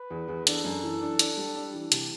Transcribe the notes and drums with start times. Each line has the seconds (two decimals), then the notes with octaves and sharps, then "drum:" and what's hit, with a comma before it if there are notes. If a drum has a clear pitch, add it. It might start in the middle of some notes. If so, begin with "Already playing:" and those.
Already playing: B4
0.10 E2
0.28 E2
0.47 D4 A4, drum: hi-hat
0.65 F#2
0.83 E3
1.01 D4
1.19 D4, drum: hi-hat
1.37 G3
1.56 D4
1.73 E3
1.92 C3, drum: hi-hat